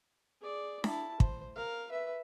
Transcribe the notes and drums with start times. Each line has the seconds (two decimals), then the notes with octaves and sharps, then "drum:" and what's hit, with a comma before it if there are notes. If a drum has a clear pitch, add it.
0.42 G#4 D5
0.84 E4 A5, drum: snare D4
1.20 C5, drum: kick
1.56 A#4 F5
1.90 B4 E5